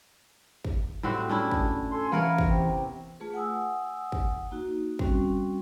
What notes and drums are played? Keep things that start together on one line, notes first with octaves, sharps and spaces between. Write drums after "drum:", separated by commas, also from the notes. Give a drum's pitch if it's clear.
drum: kick
A2 G3 C4 F#4
C#4 D4 E4
drum: kick
A4 G#5 C6
E3 B3 A#4 C#5 F5
drum: kick
C3 C4
A3 F4 G#4 B4
F#5 G#5 D#6 E6
drum: kick
A#3 D#4 F#4
G3 C4 C#4 F#4, drum: kick